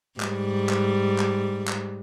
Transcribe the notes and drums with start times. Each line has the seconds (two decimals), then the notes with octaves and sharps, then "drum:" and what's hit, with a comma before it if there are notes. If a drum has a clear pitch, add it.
0.20 G#2 G3, drum: clap
0.69 drum: clap
1.19 drum: clap
1.68 drum: clap